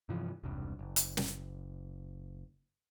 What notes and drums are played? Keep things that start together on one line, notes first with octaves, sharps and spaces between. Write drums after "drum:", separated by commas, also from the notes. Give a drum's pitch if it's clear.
G2 C3 E3 F3
E1 C2 G2
F#1
drum: hi-hat
drum: snare